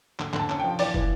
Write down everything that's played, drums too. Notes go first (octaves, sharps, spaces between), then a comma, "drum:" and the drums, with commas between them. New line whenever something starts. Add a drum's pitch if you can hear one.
D3, drum: clap
D3, drum: clap
A5
C#4, drum: clap
F3 G5
E3 D5, drum: open hi-hat
E3, drum: kick